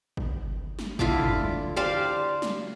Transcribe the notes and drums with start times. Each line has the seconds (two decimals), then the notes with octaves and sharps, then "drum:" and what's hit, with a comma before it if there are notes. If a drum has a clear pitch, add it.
0.17 drum: kick
0.79 drum: snare
0.99 D3 E4 F4 D6, drum: kick
1.20 drum: tom
1.40 drum: tom
1.76 G4 C5 D5 F5
2.42 drum: snare